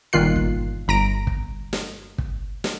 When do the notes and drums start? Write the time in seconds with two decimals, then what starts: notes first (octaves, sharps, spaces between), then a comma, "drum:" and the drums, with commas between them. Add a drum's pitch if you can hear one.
0.13 G1 A#2 D#3 F4 F#6 C7
0.36 drum: kick
0.88 G1 A#5 A#6 D7
1.27 drum: kick
1.73 drum: snare
2.18 drum: kick
2.64 drum: snare